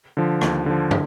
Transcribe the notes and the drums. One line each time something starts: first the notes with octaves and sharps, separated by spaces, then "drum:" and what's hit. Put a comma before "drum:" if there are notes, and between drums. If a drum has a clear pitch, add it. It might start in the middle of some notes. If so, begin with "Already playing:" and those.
D3 F3
D#2, drum: rim click
D3 F3
D3, drum: tom